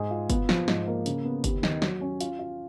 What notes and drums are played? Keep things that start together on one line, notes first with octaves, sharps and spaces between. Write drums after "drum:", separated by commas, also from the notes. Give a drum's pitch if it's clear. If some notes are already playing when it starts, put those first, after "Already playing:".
Already playing: G#2 G#4
F4
B3, drum: kick F#1, hi-hat
F3, drum: snare
G#2, drum: snare
A#3
C#3, drum: hi-hat
B3
D#2, drum: kick F#1, hi-hat
D#3, drum: snare
F#3, drum: snare
C#4
F4, drum: hi-hat
F4